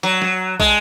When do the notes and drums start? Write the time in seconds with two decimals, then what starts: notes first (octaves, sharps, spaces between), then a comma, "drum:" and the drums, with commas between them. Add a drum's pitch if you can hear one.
0.03 F#3, drum: hi-hat
0.22 drum: snare
0.60 G#3, drum: kick